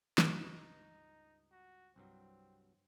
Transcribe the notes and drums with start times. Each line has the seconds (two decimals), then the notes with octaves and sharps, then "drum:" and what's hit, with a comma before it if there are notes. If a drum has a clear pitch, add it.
0.18 C#2 G2 D#4, drum: snare
1.52 F#4
1.96 C2 G2 F#3 C4